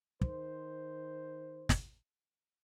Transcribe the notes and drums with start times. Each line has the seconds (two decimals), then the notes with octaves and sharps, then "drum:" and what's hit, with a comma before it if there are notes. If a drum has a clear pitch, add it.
0.21 D#3 C5, drum: kick
1.69 drum: snare